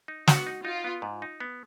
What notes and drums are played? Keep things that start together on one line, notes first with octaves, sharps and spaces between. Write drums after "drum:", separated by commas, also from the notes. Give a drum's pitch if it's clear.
D#4
B3 F#4, drum: snare
D#4
D#4 F4
B3
G#2
D#4
B3